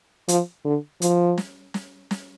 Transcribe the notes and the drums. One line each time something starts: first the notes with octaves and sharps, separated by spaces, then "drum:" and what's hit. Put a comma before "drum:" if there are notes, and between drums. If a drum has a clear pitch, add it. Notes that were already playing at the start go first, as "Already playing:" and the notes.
F3, drum: hi-hat
D3
F3, drum: hi-hat
drum: snare
drum: snare
drum: snare